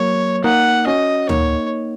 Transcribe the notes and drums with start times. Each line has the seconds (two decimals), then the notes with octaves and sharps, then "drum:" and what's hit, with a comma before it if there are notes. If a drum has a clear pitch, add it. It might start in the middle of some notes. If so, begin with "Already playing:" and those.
Already playing: F#3 A#3 C#5
0.44 A#3 D#4 F#5
0.86 C#4 F#4 D#5
1.29 A#3 D#4 C#5, drum: tom